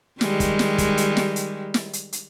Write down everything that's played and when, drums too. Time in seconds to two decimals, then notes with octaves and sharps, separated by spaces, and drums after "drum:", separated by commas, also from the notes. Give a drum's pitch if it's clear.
0.21 D#3 G3 G#3, drum: snare
0.40 drum: kick, hi-hat
0.59 drum: snare
0.78 drum: kick, hi-hat
0.97 drum: hi-hat
1.17 drum: snare
1.36 drum: hi-hat
1.74 drum: snare
1.93 drum: hi-hat
2.12 drum: hi-hat